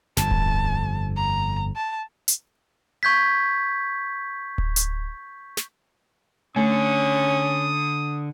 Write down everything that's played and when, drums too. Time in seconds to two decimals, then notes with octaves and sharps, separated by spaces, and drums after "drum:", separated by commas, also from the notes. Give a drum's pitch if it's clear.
0.17 G1 F2 A5, drum: snare
0.31 drum: kick D1
1.16 A#5
1.76 A5
2.28 drum: hi-hat
3.03 C#6 G6 G#6 B6
4.58 drum: kick D1
4.76 drum: hi-hat
5.57 drum: snare
6.56 D3 A3 C#4 D#6